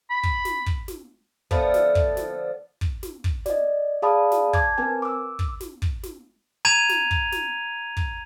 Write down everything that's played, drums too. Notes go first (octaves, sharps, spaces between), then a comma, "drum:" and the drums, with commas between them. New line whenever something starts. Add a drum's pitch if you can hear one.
B5
drum: kick
drum: snare
drum: kick
drum: snare
D3 F3 A3 B3, drum: kick
drum: snare
drum: kick
drum: snare
drum: kick
drum: snare
drum: kick
D5 D#5, drum: snare
G#4 D5 F5 A5 B5 D#6
drum: snare
A5 D6 G#6, drum: kick
C4 A#4 B4 G#5
D6 E6
drum: kick
drum: snare
drum: kick
drum: snare
A#5 G#6 D#7 F7
drum: snare
drum: kick
drum: snare
drum: kick